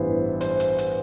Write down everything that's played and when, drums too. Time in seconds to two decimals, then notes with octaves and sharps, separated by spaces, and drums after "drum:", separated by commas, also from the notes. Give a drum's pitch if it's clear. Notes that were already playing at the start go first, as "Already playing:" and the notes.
Already playing: A1 G2 E3 B3 C5 E5
0.41 C5, drum: hi-hat
0.60 drum: hi-hat
0.78 drum: hi-hat